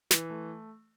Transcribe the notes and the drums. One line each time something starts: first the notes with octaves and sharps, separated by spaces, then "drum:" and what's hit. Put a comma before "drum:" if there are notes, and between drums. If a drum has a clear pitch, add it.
E3, drum: snare
A3